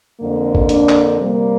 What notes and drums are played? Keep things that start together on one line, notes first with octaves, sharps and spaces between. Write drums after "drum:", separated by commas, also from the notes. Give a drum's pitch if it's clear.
F2 D3 A#3
drum: kick
D4, drum: hi-hat
drum: clap
C3 G3 A#3